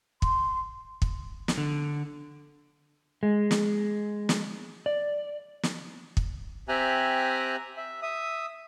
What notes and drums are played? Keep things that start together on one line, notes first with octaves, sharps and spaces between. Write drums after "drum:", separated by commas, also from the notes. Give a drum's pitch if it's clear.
C6, drum: kick
drum: kick
drum: snare
D3
G#3
drum: snare
drum: snare
D5
drum: snare
drum: kick
C4 G4 E5 G#5 A#5 F#6
E5
E5 D#6